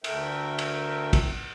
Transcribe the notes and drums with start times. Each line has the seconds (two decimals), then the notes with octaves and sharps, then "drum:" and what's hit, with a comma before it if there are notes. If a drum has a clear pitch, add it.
0.04 D2 A3 A#4 E5 G5, drum: cymbal
0.59 drum: cymbal
1.13 drum: kick, cymbal